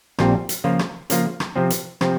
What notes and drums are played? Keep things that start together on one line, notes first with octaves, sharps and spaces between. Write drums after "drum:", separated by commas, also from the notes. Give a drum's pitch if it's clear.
A#1 A#2 G3 C4 F4, drum: rim click
drum: hi-hat
C#3 F3 A#3 F4
drum: rim click
C#3 F3 A#3 F4, drum: hi-hat
drum: rim click
C3 F3 C4
drum: hi-hat
C3 F3 C4, drum: rim click